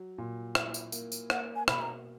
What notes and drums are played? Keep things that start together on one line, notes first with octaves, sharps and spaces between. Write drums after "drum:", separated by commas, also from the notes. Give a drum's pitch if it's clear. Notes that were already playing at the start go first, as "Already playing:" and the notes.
Already playing: F#3
A#2
E4, drum: rim click
drum: tambourine
A#3, drum: tambourine
drum: tambourine
A#3 F#5, drum: rim click
G#5
B2 B5, drum: rim click
A#5